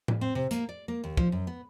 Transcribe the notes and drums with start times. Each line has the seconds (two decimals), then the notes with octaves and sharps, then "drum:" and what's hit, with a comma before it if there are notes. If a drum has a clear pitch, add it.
0.08 drum: tom A2
0.21 C4
0.35 C3
0.51 A#3, drum: hi-hat
0.69 D5
0.88 A#3
1.04 D#2
1.17 F3, drum: kick
1.32 F#2
1.47 B3